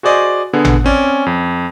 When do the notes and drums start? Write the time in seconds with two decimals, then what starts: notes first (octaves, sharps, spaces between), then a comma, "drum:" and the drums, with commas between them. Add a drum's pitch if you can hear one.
0.03 F#4 G#4 C5 D5 D#5 G#5
0.53 D3 B3 G#4
0.65 drum: tom A1
0.84 C4 C#4 D5
1.26 F2